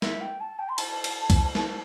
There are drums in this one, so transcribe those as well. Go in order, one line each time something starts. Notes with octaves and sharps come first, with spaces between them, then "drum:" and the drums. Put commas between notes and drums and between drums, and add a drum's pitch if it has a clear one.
E5, drum: snare
G5
A5
G5
C6
A5, drum: cymbal
drum: cymbal
drum: kick C2, cymbal
A5, drum: snare